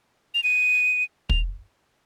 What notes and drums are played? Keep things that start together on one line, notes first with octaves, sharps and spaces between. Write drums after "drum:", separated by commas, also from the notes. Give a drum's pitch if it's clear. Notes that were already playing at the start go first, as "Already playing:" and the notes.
F7
D#7
F7, drum: kick